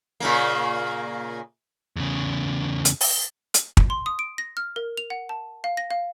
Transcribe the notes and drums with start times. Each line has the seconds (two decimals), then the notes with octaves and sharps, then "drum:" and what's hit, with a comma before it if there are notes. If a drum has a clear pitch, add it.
0.20 A#2 C#3 A#3
1.96 E2 C#3
2.85 drum: hi-hat
3.01 drum: open hi-hat
3.54 drum: hi-hat
3.77 drum: kick
3.90 C6
4.06 D#6
4.19 D7
4.38 A#6
4.57 F6
4.76 A#4
4.97 F7
5.10 F#5
5.29 A5
5.64 F5
5.77 A#6
5.91 F5